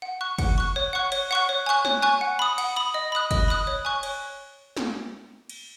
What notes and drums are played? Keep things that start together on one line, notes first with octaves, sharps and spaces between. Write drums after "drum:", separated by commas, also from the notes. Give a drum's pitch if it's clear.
F#5
C#6 F#6
F#5, drum: kick, cymbal
C#6 F#6
C#5
F#5 C#6 F#6
C#5, drum: cymbal
F#5 C#6 F#6
C#5
G#5 C#6 F#6
C#5, drum: snare
G#5 C#6 F#6
F#5
B5 D#6
F#5, drum: cymbal
B5 D#6
D#5
B5 D#6 F#6
D#5, drum: kick, cymbal
B5 D#6 F#6
C#5
G#5 C#6 F#6
C#5, drum: cymbal
drum: snare
drum: cymbal